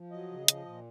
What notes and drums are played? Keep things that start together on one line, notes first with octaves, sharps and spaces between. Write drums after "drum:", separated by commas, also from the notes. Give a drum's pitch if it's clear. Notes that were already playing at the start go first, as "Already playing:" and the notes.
Already playing: F3
F#3 D#5
C#3
F3, drum: hi-hat
A#2